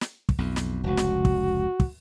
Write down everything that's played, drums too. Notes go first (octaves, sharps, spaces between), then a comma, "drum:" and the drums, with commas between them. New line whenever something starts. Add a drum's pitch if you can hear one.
drum: snare
drum: kick
B1 F2
drum: snare
F1 C#2 F#4
drum: snare
drum: kick
drum: kick